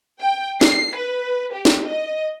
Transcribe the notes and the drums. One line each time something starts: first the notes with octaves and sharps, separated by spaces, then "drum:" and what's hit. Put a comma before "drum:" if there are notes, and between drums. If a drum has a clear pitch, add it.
G5
C7, drum: snare
B4
G4
drum: snare
D#5